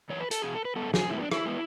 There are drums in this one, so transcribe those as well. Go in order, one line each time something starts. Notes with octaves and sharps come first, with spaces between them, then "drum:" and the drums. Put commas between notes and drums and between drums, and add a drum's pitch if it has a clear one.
F#2 E3 C#5
B4
A4, drum: hi-hat
E2 B2 G#4
A4
B4
G#2 G#3 B3 A4
G#4, drum: snare
A2 G#3 B3 E4
D4
E4, drum: rim click
G#3 B3